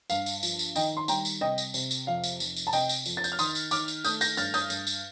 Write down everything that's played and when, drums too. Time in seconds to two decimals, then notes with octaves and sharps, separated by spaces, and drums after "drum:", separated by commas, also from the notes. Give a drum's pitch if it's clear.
0.10 G2 F5, drum: tambourine
0.26 drum: tambourine
0.43 F3, drum: tambourine
0.59 drum: tambourine
0.76 D#3 D#5 G5, drum: tambourine
0.97 C6
1.08 G3 G5 A#5, drum: tambourine
1.25 drum: tambourine
1.41 C3 D#5 G5
1.58 drum: tambourine
1.74 C3, drum: tambourine
1.91 drum: tambourine
2.07 F2 F5
2.24 drum: tambourine
2.40 F1, drum: tambourine
2.56 drum: tambourine
2.67 A5
2.73 C3 D#5 G5, drum: tambourine
2.89 drum: tambourine
3.06 F2, drum: tambourine
3.17 A6
3.24 G6, drum: tambourine
3.32 F6
3.39 D#3 C6 D#6, drum: tambourine
3.55 drum: tambourine
3.71 D#3 D6 F6, drum: tambourine
3.88 drum: tambourine
4.05 A3 D#6 G6, drum: tambourine
4.21 G6 A#6, drum: tambourine
4.37 G2 F6 A6, drum: tambourine
4.54 D#6 G6, drum: tambourine
4.70 G2, drum: tambourine
4.87 drum: tambourine